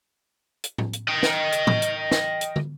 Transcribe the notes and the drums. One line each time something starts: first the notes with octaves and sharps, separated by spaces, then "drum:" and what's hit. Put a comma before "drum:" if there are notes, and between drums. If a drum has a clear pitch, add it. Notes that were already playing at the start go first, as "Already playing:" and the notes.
drum: hi-hat
drum: tom A2
drum: hi-hat
D#5 G5
drum: snare
drum: hi-hat
drum: tom A2
drum: hi-hat
drum: snare
drum: hi-hat
drum: tom